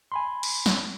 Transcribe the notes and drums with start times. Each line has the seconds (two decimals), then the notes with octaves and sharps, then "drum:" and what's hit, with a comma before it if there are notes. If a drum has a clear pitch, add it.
0.12 G#5 B5 C6
0.43 drum: cymbal
0.66 drum: snare